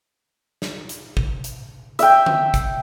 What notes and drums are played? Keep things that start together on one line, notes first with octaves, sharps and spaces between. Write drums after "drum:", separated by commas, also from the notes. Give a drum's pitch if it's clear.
drum: snare
drum: hi-hat
drum: kick G#1
drum: hi-hat
E5 G5, drum: hi-hat
drum: tom D3
drum: kick G#1, hi-hat